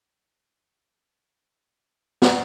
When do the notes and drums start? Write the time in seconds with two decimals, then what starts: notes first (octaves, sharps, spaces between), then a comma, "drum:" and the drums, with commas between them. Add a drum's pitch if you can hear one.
0.06 B1 D#4 C5 D#5
0.59 E2 C#5 D5
1.06 D4
1.79 C#4 D#4
2.22 drum: snare